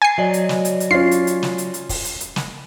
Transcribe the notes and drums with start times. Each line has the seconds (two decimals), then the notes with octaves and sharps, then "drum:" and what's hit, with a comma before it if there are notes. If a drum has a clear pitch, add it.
0.02 G#5 C7
0.18 F#3 D5 D#5
0.34 drum: hi-hat
0.49 drum: snare
0.65 drum: hi-hat
0.80 drum: hi-hat
0.91 C#4 F4 C7
1.11 drum: hi-hat
1.27 drum: hi-hat
1.43 drum: snare
1.58 drum: hi-hat
1.74 drum: hi-hat
1.89 drum: kick, open hi-hat
2.05 drum: hi-hat
2.20 drum: hi-hat
2.36 drum: snare